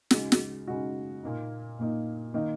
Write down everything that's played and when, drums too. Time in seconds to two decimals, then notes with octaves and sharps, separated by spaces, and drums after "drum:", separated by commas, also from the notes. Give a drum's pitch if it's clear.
0.11 C#3 G#3 D#4 F#4, drum: snare
0.32 drum: snare
0.67 C#3 G#3 D#4 F#4
1.23 A#2 A#3 D#4
1.79 A#2 A#3 D#4
2.34 D#3 A#3 D#4